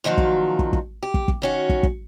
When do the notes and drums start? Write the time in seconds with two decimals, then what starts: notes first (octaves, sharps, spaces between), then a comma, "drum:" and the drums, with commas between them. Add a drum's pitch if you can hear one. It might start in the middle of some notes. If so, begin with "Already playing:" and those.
0.04 A#2 D#3 F3 F#3 F#4
0.18 drum: kick
0.59 drum: kick
0.73 drum: kick
1.03 G4
1.14 drum: kick
1.28 drum: kick
1.42 D#3 C#4 F#4
1.69 drum: kick
1.83 drum: kick